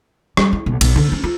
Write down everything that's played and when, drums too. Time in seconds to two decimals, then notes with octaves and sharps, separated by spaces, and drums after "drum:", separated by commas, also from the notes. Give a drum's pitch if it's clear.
0.37 G3, drum: rim click
0.53 E4
0.66 B1
0.81 B1, drum: cymbal
0.96 D3
1.12 C#4
1.24 F4